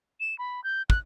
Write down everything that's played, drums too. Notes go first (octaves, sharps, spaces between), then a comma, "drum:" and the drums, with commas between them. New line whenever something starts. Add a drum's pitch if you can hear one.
E7
B5
G6
F#6, drum: kick